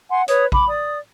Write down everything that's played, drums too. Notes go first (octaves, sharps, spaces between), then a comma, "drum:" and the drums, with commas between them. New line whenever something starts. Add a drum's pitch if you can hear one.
F#5 G#5 C6
B4 C#5 D#6, drum: hi-hat
B5 D6, drum: kick A1
D5 D#6